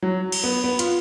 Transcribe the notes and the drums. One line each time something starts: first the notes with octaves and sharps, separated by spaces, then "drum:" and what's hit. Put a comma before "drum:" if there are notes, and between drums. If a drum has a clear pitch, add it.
F#3
drum: cymbal
B3
B3
F4, drum: hi-hat